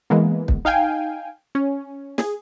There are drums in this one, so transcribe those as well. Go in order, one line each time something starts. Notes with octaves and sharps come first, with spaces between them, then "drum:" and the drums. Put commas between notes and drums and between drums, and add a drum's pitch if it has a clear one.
E3 G#3 A#3 B3
drum: kick
D#4 F5 G5 G#5
C#4
G#4, drum: snare